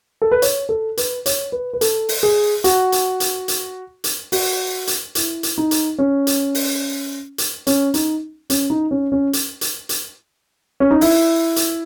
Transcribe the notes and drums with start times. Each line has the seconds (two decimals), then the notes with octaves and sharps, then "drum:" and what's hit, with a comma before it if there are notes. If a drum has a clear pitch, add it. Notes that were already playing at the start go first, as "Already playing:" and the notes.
0.22 A4
0.31 B4
0.42 C#5, drum: hi-hat
0.69 A4
0.97 B4, drum: hi-hat
1.26 C#5, drum: hi-hat
1.52 B4
1.73 B4
1.81 A4, drum: hi-hat
2.09 drum: open hi-hat
2.23 G#4
2.64 F#4, drum: hi-hat
2.92 drum: hi-hat
3.20 drum: hi-hat
3.48 drum: hi-hat
4.04 drum: hi-hat
4.32 F#4, drum: open hi-hat
4.87 drum: hi-hat
5.15 E4, drum: hi-hat
5.43 drum: hi-hat
5.58 D#4
5.71 drum: hi-hat
5.99 C#4
6.27 drum: hi-hat
6.55 drum: open hi-hat
7.38 drum: hi-hat
7.67 C#4, drum: hi-hat
7.94 D#4, drum: hi-hat
8.50 C#4, drum: hi-hat
8.70 D#4
8.91 C#4
9.12 C#4
9.33 drum: hi-hat
9.61 drum: hi-hat
9.89 drum: hi-hat
10.80 C#4
10.91 D#4
11.01 E4, drum: open hi-hat
11.56 drum: hi-hat